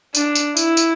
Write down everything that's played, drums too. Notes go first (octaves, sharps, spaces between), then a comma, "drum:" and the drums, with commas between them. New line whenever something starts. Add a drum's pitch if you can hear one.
D4, drum: tambourine
drum: tambourine
E4, drum: tambourine
drum: tambourine